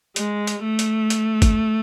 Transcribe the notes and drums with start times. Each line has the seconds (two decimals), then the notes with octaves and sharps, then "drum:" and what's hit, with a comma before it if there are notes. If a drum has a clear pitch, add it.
0.16 G#3, drum: hi-hat
0.47 drum: hi-hat
0.64 A3
0.79 drum: hi-hat
1.10 drum: hi-hat
1.42 drum: kick, hi-hat